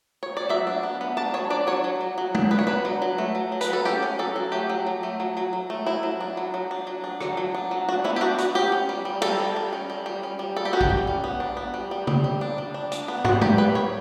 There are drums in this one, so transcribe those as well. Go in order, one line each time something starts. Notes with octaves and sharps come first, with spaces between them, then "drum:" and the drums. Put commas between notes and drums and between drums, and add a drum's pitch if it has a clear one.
C#5
D5
F#3 E5
D4
B3
B3
D4 A5
F#3 C#5
D4 D5
F#3 C#5
F#3
F#3
F#3
D4, drum: tom
B3 B4
C#5
D4 B4
F#3
F#3
A3
F#3
F#3
B4, drum: hi-hat
F#3 A4
C#4 G4
C#4
F#3 A4
F#3
A3 G4
F#3
F#3
A3
F#3
F#3
F#3
A3
F#3 E4
F#3
D4
F#3
F#3
D4
F#3
D4
F#3, drum: rim click
F#3
D4
F#3
D4 F#4
B3 E4
G4
D4 F#4
B3 F#4, drum: hi-hat
C#4 G4
C#4
G3
G3
G3 A4, drum: cymbal
G3
G3
C#4
G3
G3
C#4
G3
G3 A4
G4
C#4 F#4
G4, drum: kick A#1
G3
C#4
B3
D4
B3
G3
G3
G3, drum: tom
G3
D4
G3
D4
D4, drum: hi-hat
B3
G3 F#4, drum: tom
G3 G4, drum: tom
G3 B4
G3 C#5